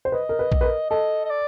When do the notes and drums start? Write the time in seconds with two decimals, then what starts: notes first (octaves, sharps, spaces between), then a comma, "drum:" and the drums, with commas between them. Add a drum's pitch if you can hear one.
0.05 C5
0.12 B4 D#5
0.29 A#4
0.39 B4
0.52 drum: kick A#1
0.61 B4
0.64 A#4
0.90 A4 D#5
1.25 D#5
1.30 D5